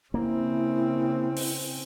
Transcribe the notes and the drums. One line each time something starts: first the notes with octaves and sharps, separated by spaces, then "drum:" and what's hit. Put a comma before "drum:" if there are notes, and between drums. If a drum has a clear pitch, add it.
C#3 A#3 C4 E4
drum: open hi-hat